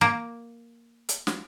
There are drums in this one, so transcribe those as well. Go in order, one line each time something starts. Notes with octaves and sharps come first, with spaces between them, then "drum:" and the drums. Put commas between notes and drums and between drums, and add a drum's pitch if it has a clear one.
A#3
drum: hi-hat
drum: snare